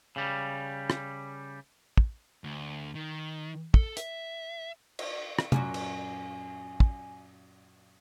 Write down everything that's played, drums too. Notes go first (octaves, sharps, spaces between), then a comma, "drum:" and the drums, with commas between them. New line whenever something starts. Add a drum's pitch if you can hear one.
C#3 G3
drum: rim click
drum: kick
D2
D#3
A4, drum: kick
E5, drum: hi-hat
drum: cymbal
drum: rim click
F#2 A#2 F#4 G#5, drum: tom
drum: cymbal
drum: kick